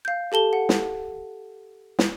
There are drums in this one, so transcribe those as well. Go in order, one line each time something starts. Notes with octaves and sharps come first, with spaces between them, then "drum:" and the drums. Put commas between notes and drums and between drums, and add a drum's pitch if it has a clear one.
F5 G6
G4 A4 A5 G7
F#5
drum: snare
drum: snare